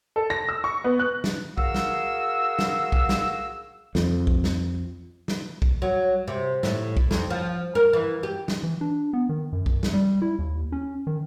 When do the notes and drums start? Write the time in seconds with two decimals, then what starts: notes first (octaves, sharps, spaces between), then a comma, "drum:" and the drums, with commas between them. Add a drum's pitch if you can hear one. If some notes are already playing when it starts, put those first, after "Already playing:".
0.16 A4
0.30 A#6
0.49 E6
0.64 C#6
0.84 B3
0.99 F#6
1.24 drum: snare
1.58 F#4 G#4 A#4 F5 E6, drum: kick B1
1.74 drum: snare
2.59 drum: snare
2.92 drum: kick B1
3.09 drum: snare
3.95 F2, drum: snare
4.27 drum: kick B1
4.44 drum: snare
5.28 drum: snare
5.62 drum: kick B1
5.82 F#3
6.28 C3
6.63 A2, drum: snare
6.97 drum: kick B1
7.11 F2, drum: snare
7.30 F3
7.75 A#4
7.93 E3
8.23 G4
8.48 drum: snare
8.63 E3
8.81 D4
9.13 B3
9.29 D#3
9.53 F#2
9.66 drum: kick B1
9.83 drum: snare
9.93 G3
10.22 E4
10.39 D#2
10.72 C#4
11.07 D#3